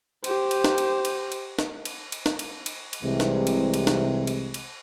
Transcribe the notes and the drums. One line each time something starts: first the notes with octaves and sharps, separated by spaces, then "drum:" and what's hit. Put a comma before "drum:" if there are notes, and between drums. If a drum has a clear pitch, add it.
G4 C5, drum: cymbal
drum: cymbal
drum: snare
drum: cymbal
drum: cymbal
drum: cymbal
drum: snare
drum: cymbal
drum: cymbal
drum: snare
drum: cymbal
drum: cymbal
drum: cymbal
C2 C3 E3 G#3
drum: snare
drum: cymbal
drum: cymbal
drum: snare
drum: cymbal
drum: cymbal